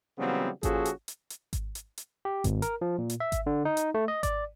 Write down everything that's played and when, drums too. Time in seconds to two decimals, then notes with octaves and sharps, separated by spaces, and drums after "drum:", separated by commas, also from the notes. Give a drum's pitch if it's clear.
0.19 C#3 E3 F#3 G3 B3 C4
0.63 A#2 F3 C#4 F#4 G#4 A4, drum: kick G#1, hi-hat
0.85 drum: hi-hat
1.08 drum: hi-hat
1.30 drum: hi-hat
1.53 drum: kick G#1, hi-hat
1.75 drum: hi-hat
1.98 drum: hi-hat
2.25 G4
2.44 G#1, drum: kick G#1, hi-hat
2.62 A#4, drum: hi-hat
2.81 F3
2.98 A#2
3.10 drum: hi-hat
3.20 E5
3.32 drum: kick G#1, hi-hat
3.46 D3
3.65 D#4
3.77 drum: hi-hat
3.94 A3
4.08 D#5
4.23 D5, drum: kick G#1, hi-hat